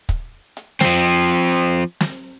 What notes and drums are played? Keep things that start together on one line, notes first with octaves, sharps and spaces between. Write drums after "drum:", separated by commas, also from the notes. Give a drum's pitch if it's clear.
drum: kick, hi-hat
drum: hi-hat
F3 C4, drum: snare
drum: hi-hat
drum: hi-hat
drum: snare